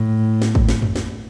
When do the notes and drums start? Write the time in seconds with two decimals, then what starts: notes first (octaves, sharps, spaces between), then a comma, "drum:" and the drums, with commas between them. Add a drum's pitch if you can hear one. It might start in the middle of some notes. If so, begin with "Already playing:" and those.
Already playing: A2
0.42 drum: snare
0.55 drum: kick
0.69 drum: snare
0.82 drum: tom
0.96 drum: snare